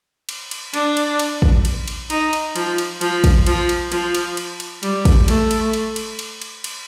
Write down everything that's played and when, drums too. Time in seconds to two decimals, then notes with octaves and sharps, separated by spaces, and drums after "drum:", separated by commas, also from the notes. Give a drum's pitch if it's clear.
0.29 drum: cymbal
0.51 drum: cymbal
0.74 D4, drum: cymbal
0.97 drum: cymbal
1.19 drum: cymbal
1.42 drum: kick
1.65 drum: cymbal
1.88 drum: cymbal
2.10 D#4, drum: cymbal
2.33 drum: cymbal
2.56 F3, drum: cymbal
2.78 drum: cymbal
3.01 F3, drum: cymbal
3.24 drum: kick, cymbal
3.46 F3, drum: cymbal
3.69 drum: cymbal
3.92 F3, drum: cymbal
4.15 drum: cymbal
4.37 drum: cymbal
4.60 drum: cymbal
4.83 G3, drum: cymbal
5.05 drum: kick, cymbal
5.28 A3, drum: cymbal
5.51 drum: cymbal
5.73 drum: cymbal
5.96 drum: cymbal
6.19 drum: cymbal
6.42 drum: cymbal
6.64 drum: cymbal